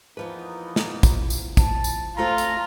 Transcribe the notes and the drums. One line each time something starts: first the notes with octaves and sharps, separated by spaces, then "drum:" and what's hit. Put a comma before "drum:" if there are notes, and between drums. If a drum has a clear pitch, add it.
E2 F3 A#3 B3 D#4 B4
drum: snare
drum: kick, tambourine
drum: tambourine
A5, drum: kick, tambourine
drum: tambourine
F2 A3 C4 F4 C5 A5 A#5
drum: tambourine